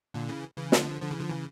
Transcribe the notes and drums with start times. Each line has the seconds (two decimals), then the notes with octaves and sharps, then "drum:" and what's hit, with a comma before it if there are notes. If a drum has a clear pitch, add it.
0.14 A#2 D3
0.29 C#3 E3
0.58 C#3 E3
0.72 D3 F3, drum: snare
1.01 D3 F3
1.11 C#3 E3
1.21 D3 F3
1.30 C#3 E3